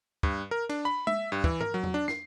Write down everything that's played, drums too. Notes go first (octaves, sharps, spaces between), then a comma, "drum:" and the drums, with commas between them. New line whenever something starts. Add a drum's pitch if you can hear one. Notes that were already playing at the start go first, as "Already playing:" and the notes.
G2, drum: kick
A#4
D4, drum: cymbal
B5
E5, drum: tom G#3
G2
E3, drum: kick
A#4, drum: tom
F#3
drum: tom E2
D4
C7, drum: snare